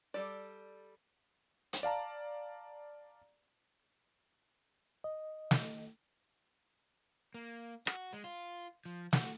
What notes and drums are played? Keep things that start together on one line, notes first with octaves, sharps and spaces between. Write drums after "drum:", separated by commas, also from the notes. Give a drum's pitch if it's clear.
G3 A4 D5
drum: hi-hat
D5 F5 A5 A#5
D#5
drum: snare
A#3
F#4, drum: rim click
G#3
F4
F3
F#4, drum: snare